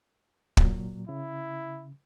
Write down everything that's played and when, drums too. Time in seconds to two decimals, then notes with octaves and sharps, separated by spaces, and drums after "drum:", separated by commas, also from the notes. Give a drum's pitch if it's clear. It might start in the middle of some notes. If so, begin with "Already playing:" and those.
0.57 A#2 F#3, drum: kick
1.09 C#3 E4